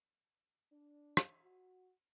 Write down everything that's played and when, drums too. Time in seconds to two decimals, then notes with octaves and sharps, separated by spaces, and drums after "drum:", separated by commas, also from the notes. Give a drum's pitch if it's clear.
0.72 D4
1.17 drum: rim click
1.42 F#4